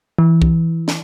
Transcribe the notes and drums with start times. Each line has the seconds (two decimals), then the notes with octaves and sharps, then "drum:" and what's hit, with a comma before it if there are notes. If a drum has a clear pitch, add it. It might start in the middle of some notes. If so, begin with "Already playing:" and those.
0.19 E3
0.42 drum: kick C2
0.88 drum: snare